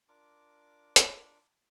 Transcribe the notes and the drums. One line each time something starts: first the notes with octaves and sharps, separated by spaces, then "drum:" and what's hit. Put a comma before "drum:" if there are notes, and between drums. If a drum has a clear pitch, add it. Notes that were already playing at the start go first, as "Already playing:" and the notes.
D4 F4 A#4 D6
drum: hi-hat